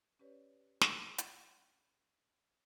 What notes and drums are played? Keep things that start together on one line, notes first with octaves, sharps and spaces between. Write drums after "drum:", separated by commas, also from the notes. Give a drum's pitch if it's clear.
C#4 G4 B4 C#5 D5
drum: snare
drum: hi-hat